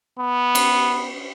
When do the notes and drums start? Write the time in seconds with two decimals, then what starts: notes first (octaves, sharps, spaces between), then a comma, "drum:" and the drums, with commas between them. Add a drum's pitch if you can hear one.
0.19 B3
0.55 drum: cymbal